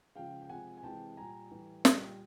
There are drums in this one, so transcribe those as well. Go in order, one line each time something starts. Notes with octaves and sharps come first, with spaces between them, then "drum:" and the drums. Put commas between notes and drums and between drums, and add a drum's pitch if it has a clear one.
C#3 F3 G#3 F5 G5
G5
C3 F3 G#3 F#5 G#5
G#5
C3 E3 G#3 G5 A5
A#2 G3 G#5 A#5
A2 E3 G3
A#2 G3, drum: snare